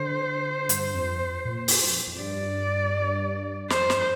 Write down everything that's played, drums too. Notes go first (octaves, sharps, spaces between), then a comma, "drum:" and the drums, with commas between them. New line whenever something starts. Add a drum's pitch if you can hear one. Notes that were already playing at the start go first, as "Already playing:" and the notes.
Already playing: D3 C5
G2, drum: hi-hat
F2
A#2
drum: open hi-hat
G2
F2
F2
G2 D5
F2 C5, drum: snare
G2, drum: snare